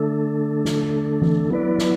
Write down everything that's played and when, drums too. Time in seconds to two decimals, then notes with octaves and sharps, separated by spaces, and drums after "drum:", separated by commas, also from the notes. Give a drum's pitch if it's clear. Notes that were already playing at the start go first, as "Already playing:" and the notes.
Already playing: D3 A3 D4 A4
0.65 drum: snare
1.22 drum: tom E3
1.50 F#3 B3 E4 B4 D5
1.78 drum: snare